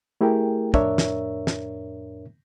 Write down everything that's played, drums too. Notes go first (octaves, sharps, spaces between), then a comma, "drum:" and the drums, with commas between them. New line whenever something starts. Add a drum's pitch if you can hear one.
A3 E4 G4 G#4 A#4 G5
F2 A2 D4 A#4 C#5 E5, drum: kick
drum: snare
drum: snare